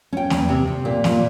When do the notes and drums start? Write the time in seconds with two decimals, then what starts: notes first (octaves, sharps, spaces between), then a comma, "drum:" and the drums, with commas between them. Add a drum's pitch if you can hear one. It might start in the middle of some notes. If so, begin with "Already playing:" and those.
0.13 C#4 G5
0.30 E2, drum: snare
0.49 C3
0.67 C3
0.85 A#2
1.04 A#2, drum: snare